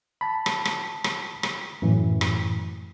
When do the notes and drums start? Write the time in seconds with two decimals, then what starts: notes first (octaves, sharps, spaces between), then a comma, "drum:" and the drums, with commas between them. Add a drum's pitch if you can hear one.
0.21 A5 B5
0.46 drum: rim click
0.65 drum: rim click
1.04 drum: rim click
1.43 drum: rim click
1.82 F#2 A2 E3
2.21 drum: rim click